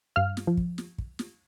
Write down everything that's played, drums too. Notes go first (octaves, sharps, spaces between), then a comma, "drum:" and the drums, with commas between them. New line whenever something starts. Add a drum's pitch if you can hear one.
G2 F5 F6
drum: snare
F3
drum: kick
drum: snare
drum: kick
drum: snare